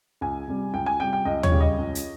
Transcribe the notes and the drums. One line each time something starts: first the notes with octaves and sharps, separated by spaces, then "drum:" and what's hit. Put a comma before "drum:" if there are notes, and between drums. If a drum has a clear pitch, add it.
C#2 G#5
C3 G3
C#2 G5
G#5
C3 G3 G5
G5
C#2 D#5
C#5, drum: tom D#2
C#3 G3
D#5
C#2
drum: hi-hat